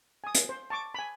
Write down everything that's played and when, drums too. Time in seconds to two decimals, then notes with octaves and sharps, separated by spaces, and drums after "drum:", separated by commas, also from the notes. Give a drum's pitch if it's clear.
0.24 G#5 D#6
0.35 drum: hi-hat
0.49 C5
0.70 A5 C#6 D6
0.94 G#5 B5